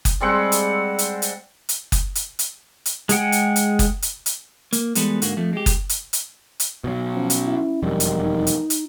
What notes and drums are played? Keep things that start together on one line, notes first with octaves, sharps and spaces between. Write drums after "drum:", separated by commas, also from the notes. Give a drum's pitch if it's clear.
drum: kick F#1, hi-hat
G3 G#3 C4 F#5
drum: hi-hat
drum: hi-hat
drum: hi-hat
drum: hi-hat
drum: kick F#1, hi-hat
drum: hi-hat
drum: hi-hat
drum: hi-hat
G#3 G#4 F#5 G5, drum: hi-hat
drum: hi-hat
drum: hi-hat
drum: kick F#1, hi-hat
drum: hi-hat
drum: hi-hat
A#3, drum: hi-hat
E2 G3 G#3 B3 A4 B4, drum: hi-hat
G#2 D3 A#3 F#4, drum: hi-hat
F2 F3 A3
G#3 G4
drum: kick F#1, hi-hat
drum: hi-hat
drum: hi-hat
drum: hi-hat
B2 F#3
F3 C#4
drum: hi-hat
E4
E1 F2 D#3 G3
drum: hi-hat
D#4
drum: hi-hat
drum: hi-hat